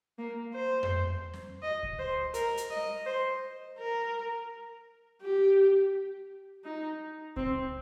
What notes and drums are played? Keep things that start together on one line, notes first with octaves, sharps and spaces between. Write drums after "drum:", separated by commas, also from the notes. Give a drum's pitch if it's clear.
A#3
C5
drum: tom F2
drum: snare
D#5
drum: kick C#2
C5
A#4, drum: hi-hat
drum: hi-hat
D#5
C5
A#4
G4
D#4
C4, drum: kick C#2